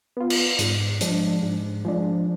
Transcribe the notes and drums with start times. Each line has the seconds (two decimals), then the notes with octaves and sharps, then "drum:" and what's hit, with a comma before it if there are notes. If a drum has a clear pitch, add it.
0.17 B3 F4
0.30 drum: cymbal
0.59 G#2, drum: hi-hat
1.01 F3 G#3 D4, drum: hi-hat
1.43 G#2
1.85 F3 G#3 D4